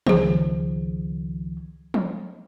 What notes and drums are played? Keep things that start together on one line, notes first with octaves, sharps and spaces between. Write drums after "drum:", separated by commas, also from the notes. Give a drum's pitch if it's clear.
C#2 D#3 F3 G#4 C5, drum: tom
drum: tom